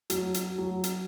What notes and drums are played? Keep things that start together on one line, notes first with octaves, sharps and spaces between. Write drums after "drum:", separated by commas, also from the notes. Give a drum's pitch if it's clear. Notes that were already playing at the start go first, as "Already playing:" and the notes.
F#3, drum: hi-hat
drum: hi-hat
F#3
drum: hi-hat